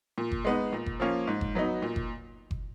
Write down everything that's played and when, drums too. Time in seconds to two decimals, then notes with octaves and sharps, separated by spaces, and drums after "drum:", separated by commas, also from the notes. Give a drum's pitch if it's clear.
0.18 A#2
0.32 drum: kick F#1
0.45 G#3 B3 D#4
0.73 A#2
0.86 drum: kick F#1
1.00 F3 A#3 C#4 F4
1.27 G#2
1.41 drum: kick F#1
1.55 F#3 B3 D#4
1.82 A#2
1.96 drum: kick F#1
2.51 drum: kick F#1